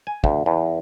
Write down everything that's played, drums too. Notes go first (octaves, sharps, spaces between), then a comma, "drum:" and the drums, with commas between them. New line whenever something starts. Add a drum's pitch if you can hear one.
G#5
D2, drum: kick
E2